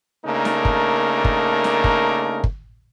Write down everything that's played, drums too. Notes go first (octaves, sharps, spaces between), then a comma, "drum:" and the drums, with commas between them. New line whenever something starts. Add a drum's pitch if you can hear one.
C#3 A3 A#3 D4 D#4 A#4
drum: snare
drum: kick
drum: kick
drum: snare
drum: kick
drum: kick